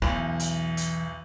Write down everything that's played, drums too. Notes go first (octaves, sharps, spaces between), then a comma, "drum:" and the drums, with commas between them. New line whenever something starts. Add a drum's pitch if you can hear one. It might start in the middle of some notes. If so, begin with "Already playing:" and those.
B1 E2 E3, drum: rim click
drum: hi-hat
drum: hi-hat